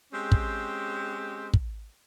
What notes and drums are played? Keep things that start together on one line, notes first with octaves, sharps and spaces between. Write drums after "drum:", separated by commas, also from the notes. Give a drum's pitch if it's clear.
G#3 C4 C#4 G4
drum: kick
drum: kick